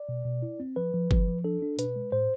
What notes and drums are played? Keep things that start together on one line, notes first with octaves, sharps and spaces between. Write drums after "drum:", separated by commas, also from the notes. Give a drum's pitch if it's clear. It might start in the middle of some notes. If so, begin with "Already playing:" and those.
Already playing: D5
B2
B2
E4
C4
F3 B4
F3
F3, drum: kick
F3
D4 A4
D4
B2 B4, drum: hi-hat
G#3
A2 C5